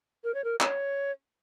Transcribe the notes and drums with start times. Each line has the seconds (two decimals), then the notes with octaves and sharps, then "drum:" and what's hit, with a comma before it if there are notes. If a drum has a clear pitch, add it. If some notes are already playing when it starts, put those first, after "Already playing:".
0.24 A#4
0.34 C#5
0.44 A#4
0.60 C#5, drum: clap